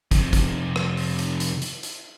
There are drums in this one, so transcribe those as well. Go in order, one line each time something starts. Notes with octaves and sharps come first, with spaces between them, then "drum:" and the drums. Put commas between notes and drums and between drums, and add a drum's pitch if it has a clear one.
F2 C3, drum: kick, hi-hat
drum: kick, hi-hat
drum: rim click
drum: open hi-hat
drum: hi-hat
drum: hi-hat
drum: hi-hat
drum: hi-hat